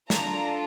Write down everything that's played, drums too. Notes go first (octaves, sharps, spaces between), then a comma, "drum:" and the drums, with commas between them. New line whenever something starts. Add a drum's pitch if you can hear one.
D4 F4 A4 A#5, drum: snare